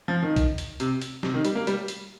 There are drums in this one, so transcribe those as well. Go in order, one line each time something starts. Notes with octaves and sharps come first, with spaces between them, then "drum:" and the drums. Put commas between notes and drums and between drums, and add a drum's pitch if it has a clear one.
F3
D#3
drum: kick A#1, hi-hat
drum: hi-hat
C3, drum: hi-hat
drum: hi-hat
C3, drum: snare
D#3
G3, drum: hi-hat
A#3
G3, drum: hi-hat
drum: hi-hat